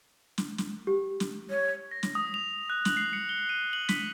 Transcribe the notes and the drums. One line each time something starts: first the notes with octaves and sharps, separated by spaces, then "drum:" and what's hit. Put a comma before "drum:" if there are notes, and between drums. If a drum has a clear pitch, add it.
drum: snare
drum: snare
G4
drum: snare
C#5
A#6
drum: snare
D#6
F7
F#6
F#7, drum: snare
C7
C#7
G7
D#7
F#7
B6, drum: snare